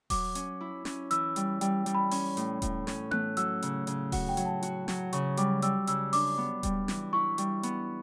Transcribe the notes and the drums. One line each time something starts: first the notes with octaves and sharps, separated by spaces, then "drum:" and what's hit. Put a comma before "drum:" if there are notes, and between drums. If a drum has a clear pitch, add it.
F#3 D6, drum: kick D#1, open hi-hat
C#4, drum: hi-hat
E4
C#4, drum: snare
E3 E6, drum: hi-hat
G3, drum: hi-hat
G3 G5, drum: hi-hat
G3, drum: hi-hat
B5
C#4, drum: open hi-hat
A2, drum: hi-hat
A2, drum: kick D#1, hi-hat
C#4, drum: snare
A3 F#6, drum: tom B3
F#3 E6, drum: hi-hat
C#3, drum: hi-hat
C#3, drum: hi-hat
F#4 F#5, drum: kick D#1, open hi-hat
G5
F#3, drum: hi-hat
A5
F#4, drum: hi-hat
F#3, drum: snare
C#3 C#6, drum: hi-hat
G3 D6, drum: hi-hat
G3 E6, drum: hi-hat
C#3 E6, drum: hi-hat
D4 D6, drum: open hi-hat
B3
G3, drum: kick D#1, hi-hat
E3, drum: snare
E4 C#6
G3, drum: hi-hat
B3, drum: hi-hat